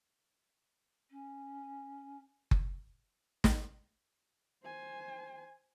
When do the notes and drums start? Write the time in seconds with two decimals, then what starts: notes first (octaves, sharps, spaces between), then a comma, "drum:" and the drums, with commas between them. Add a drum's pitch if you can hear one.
1.10 C#4
2.51 drum: kick F#1
3.44 drum: snare
4.64 C5 G#5